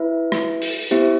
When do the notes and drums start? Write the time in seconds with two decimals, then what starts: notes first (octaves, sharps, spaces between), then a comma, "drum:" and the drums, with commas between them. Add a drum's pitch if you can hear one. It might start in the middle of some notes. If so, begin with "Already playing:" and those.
Already playing: E4 B4 E5
0.32 drum: rim click
0.62 drum: open hi-hat
0.91 B3 E4 G4 C5 E5, drum: hi-hat